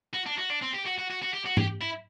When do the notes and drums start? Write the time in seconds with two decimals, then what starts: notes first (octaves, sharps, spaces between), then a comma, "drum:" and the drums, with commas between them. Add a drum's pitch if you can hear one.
0.14 F#4
0.26 D4
0.38 F#4
0.50 D4
0.62 C4
0.73 G4
0.86 F#4
0.98 F#4
1.10 F#4
1.22 F#4
1.33 G4
1.45 F#4
1.57 G4, drum: tom G#2
1.81 E4